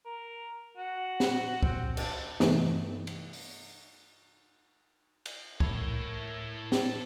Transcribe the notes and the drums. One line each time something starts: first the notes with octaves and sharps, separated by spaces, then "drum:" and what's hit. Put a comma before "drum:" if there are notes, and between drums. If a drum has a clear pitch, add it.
A#4
F#4
drum: snare
C4, drum: kick
D4, drum: cymbal
G2 C3 E3 A3 B3 D#4, drum: snare
drum: cymbal
drum: open hi-hat
drum: cymbal
A2 E4 A4 A#4 C#5, drum: kick
drum: snare